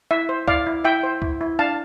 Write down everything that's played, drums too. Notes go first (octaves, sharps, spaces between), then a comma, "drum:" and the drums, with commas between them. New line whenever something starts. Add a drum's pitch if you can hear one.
E4 E5
C5
E4 D5 F5, drum: kick C#2
E4
E4 E5 G5
C5
E4, drum: kick C#2
E4
D4 F5 A5